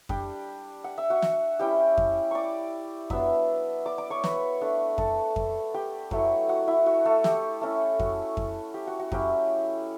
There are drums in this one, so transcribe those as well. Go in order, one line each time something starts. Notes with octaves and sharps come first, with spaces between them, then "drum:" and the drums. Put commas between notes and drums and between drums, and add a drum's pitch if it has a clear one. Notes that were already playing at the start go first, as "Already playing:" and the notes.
G3 D4 G4 G5, drum: kick F2
F#5
E5
F#4 F#5
drum: snare
G3 C#4 E4 G4 G5
drum: kick F2
D5 C#6 D6
F#3 B3 D4 E5 E6, drum: kick F2
D5 D6
D5 D6
C#5 C#6
B4 B5, drum: snare
A3 D4
A4 A5, drum: kick F2
drum: kick F2
G4 G5
F#3 A3 E4, drum: kick F2
F#4 F#5
E4 E5
F#4 F#5
A3 A4
G4, drum: snare
A3 C#4 E4
F#4, drum: kick F2
drum: kick F2
G4
F#4
F#4
F#3 C#4 E4 G4, drum: kick F2